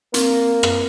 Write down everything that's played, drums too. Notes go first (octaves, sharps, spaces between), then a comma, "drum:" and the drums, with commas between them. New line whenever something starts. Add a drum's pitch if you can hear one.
A#3 C4, drum: hi-hat
drum: rim click